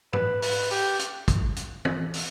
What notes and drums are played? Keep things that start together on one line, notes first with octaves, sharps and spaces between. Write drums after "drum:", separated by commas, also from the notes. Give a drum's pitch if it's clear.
B4, drum: tom
B4, drum: open hi-hat
G4, drum: open hi-hat
drum: hi-hat
drum: kick, hi-hat
drum: hi-hat
drum: tom
drum: open hi-hat